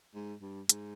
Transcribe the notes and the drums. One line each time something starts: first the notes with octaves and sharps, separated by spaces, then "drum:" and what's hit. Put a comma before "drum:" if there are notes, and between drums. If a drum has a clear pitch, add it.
G#2
G2
G#2, drum: hi-hat